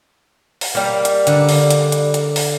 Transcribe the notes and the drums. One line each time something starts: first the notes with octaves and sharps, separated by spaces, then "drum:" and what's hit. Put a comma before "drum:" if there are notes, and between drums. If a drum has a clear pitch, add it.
drum: open hi-hat
G3 A#3
drum: hi-hat
D3, drum: hi-hat
drum: open hi-hat
drum: hi-hat
drum: hi-hat
drum: hi-hat
drum: open hi-hat